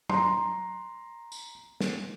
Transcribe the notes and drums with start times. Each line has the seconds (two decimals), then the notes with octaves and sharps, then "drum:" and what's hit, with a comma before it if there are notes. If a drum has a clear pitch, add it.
0.09 A#5 C6, drum: tom F#3
1.32 drum: tambourine
1.81 drum: snare